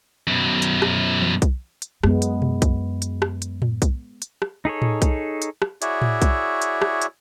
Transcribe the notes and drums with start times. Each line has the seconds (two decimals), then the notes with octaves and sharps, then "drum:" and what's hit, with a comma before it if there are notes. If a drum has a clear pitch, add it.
0.27 F#2 B2
0.62 drum: hi-hat
0.82 drum: rim click
1.22 drum: tom E3
1.42 drum: kick B1, hi-hat
1.82 drum: hi-hat
2.03 F#2 G#3 B3, drum: rim click
2.22 drum: hi-hat
2.42 drum: tom B2
2.62 drum: kick B1, hi-hat
3.02 drum: hi-hat
3.22 drum: rim click
3.42 drum: hi-hat
3.62 drum: tom A2
3.82 drum: kick B1, hi-hat
4.22 drum: hi-hat
4.42 drum: rim click
4.65 D#4 G#4 A4 C#5
4.82 drum: tom A2
5.02 drum: kick B1, hi-hat
5.42 drum: hi-hat
5.62 drum: rim click
5.82 E4 F#4 G#4 C#5 D5 E5, drum: hi-hat
6.02 drum: tom A2
6.22 drum: kick B1, hi-hat
6.62 drum: hi-hat
6.82 drum: rim click
7.02 drum: hi-hat